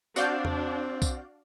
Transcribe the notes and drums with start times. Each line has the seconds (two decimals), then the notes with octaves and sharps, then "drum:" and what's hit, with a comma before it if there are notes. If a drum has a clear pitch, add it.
0.16 C4 D4 F#4 D5 F5 F#5 G6, drum: tambourine
0.45 drum: tom E2
1.02 drum: kick B1, tambourine